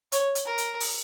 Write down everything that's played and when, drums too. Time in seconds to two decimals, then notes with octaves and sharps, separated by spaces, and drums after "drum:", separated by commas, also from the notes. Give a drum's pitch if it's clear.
0.12 C#5, drum: hi-hat
0.35 drum: hi-hat
0.46 A#4
0.58 drum: hi-hat
0.80 drum: open hi-hat